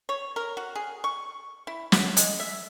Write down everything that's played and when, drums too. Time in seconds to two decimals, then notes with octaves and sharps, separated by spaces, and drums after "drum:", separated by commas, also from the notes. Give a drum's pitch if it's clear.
0.09 C#5
0.36 A#4
0.57 F#4
0.75 G#4
1.04 C#6
1.67 E4
1.92 F#3, drum: snare
2.17 G#3, drum: hi-hat
2.40 E5